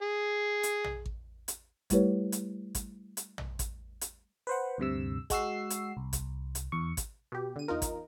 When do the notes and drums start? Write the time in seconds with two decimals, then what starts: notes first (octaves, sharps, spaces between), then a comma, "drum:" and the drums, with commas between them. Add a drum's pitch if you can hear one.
0.02 G#4
0.63 drum: hi-hat
0.84 drum: tom A#1
1.06 drum: kick G#1
1.48 drum: hi-hat
1.90 G3 A3 E4 G4 B4 C#5, drum: kick G#1, hi-hat
2.32 drum: hi-hat
2.75 drum: kick G#1, hi-hat
3.17 drum: hi-hat
3.38 drum: tom A#1
3.59 drum: kick G#1, hi-hat
4.01 drum: hi-hat
4.47 B4 C5 F#5
4.78 D2 G2 C3 E6
5.30 G#3 F#4 E6 C7, drum: kick G#1, hi-hat
5.70 drum: hi-hat
5.97 C2
6.13 drum: kick G#1, hi-hat
6.55 drum: hi-hat
6.72 E2 C#6
6.97 drum: kick G#1, hi-hat
7.32 B2 G4
7.56 D3 D#7
7.68 E2 D#4 F4 A#4
7.82 drum: kick G#1, hi-hat